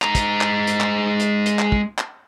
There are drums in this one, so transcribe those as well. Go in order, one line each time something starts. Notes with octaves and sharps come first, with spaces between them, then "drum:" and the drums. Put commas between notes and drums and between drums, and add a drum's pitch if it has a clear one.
G#3 A#5, drum: clap
drum: kick, hi-hat
drum: clap
drum: hi-hat
drum: clap
drum: hi-hat
drum: hi-hat
drum: clap
drum: kick
drum: clap